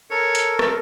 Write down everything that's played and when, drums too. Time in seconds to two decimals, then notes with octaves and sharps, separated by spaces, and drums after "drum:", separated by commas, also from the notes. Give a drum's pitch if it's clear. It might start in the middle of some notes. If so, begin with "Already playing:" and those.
0.10 A4 A#4 C#5
0.35 drum: hi-hat
0.59 drum: rim click